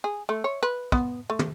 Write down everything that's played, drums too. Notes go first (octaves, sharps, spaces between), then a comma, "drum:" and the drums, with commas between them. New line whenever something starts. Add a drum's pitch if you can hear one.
G#4
A3
C#5
B4
B3, drum: kick
A3
drum: tom